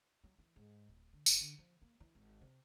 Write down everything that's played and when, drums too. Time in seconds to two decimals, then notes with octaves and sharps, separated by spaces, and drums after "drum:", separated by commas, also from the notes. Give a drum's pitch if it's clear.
0.24 F#3
0.39 E3
0.56 G#2
0.89 D1
1.13 D3
1.26 G1, drum: tambourine
1.40 D3
1.59 F3
1.82 A#3
2.00 E3
2.15 G#1
2.41 C3